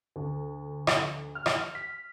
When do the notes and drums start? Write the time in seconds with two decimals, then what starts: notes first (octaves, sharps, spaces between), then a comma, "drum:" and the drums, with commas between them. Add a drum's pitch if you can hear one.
0.16 D2
0.87 drum: rim click
1.35 F6
1.46 drum: rim click
1.75 B6